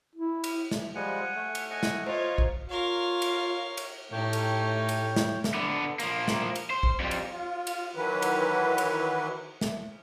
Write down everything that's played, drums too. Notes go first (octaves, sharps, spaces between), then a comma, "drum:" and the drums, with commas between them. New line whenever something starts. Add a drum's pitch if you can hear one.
E4
drum: cymbal
drum: snare
F3 G3 G#3 F#5 G#5
A3
drum: cymbal
D#5 F#5 G#5
drum: snare
F4 C5 C#5 D#5 A#5
drum: kick
F4 A#4 C#5 F5
drum: cymbal
drum: cymbal
A2 A3 D#4 G4 C#5 G5
drum: cymbal
drum: cymbal
drum: snare
drum: snare
D3 B3
F3 A#3, drum: cymbal
drum: snare
drum: cymbal
C5
drum: kick
F2 G3
drum: cymbal
F4
drum: cymbal
D#3 E3 F#3 B4
drum: cymbal
drum: cymbal
drum: snare